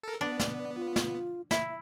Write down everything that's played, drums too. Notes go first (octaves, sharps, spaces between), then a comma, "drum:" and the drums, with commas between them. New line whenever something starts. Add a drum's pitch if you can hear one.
A4 A#4
B3 D4
D5, drum: snare
F4
drum: snare
E4 E5, drum: snare